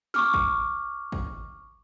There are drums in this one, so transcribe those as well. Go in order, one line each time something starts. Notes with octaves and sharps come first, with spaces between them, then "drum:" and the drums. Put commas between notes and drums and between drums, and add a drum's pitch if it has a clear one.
C#6 D6 F6, drum: snare
drum: kick
drum: kick